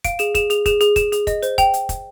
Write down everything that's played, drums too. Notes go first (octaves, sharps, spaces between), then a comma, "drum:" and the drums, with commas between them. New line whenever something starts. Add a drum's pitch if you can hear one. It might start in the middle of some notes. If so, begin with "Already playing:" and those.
F5 D7, drum: kick, hi-hat
G#4 E7, drum: hi-hat
G#4 E7, drum: kick, hi-hat
G#4 F7, drum: hi-hat
G#4 E7, drum: kick, hi-hat
G#4, drum: hi-hat
G#4 E7, drum: kick, hi-hat
G#4, drum: hi-hat
D#5, drum: kick, hi-hat
C5, drum: hi-hat
G5 F7, drum: kick, hi-hat
drum: hi-hat
drum: kick, hi-hat